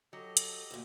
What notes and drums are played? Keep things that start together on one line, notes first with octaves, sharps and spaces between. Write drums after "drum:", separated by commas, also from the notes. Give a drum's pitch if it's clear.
F#3 G4 A4 D#5
drum: hi-hat
D2 A#2